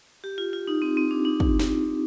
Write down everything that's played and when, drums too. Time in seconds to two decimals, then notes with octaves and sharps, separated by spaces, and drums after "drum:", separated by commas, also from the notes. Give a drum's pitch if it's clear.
0.24 G4
0.38 F4
0.53 F4
0.67 D#4
0.82 C4
0.97 C4
1.11 D4
1.25 D#4
1.40 drum: kick
1.59 drum: snare